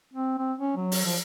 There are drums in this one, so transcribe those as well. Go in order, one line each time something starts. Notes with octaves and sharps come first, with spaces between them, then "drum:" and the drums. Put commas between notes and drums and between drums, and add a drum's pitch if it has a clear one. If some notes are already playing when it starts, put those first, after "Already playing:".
C4
C4
C#4
F#3
drum: open hi-hat
F3